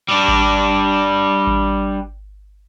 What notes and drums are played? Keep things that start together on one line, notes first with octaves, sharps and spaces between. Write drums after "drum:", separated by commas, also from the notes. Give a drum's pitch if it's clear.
G3 D4
drum: kick G#1
drum: kick G#1